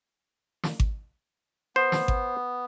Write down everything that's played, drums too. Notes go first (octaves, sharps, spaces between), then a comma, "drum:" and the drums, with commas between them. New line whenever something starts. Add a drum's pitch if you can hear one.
drum: snare
drum: kick G#1
B3 C5
drum: snare
drum: kick G#1